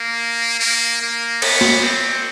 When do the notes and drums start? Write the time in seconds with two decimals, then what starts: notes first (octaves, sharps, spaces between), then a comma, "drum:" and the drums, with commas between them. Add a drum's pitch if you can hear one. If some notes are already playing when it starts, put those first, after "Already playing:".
Already playing: A#3
0.59 A#3
1.01 A#3
1.42 B3, drum: cymbal
1.61 drum: snare
1.83 C4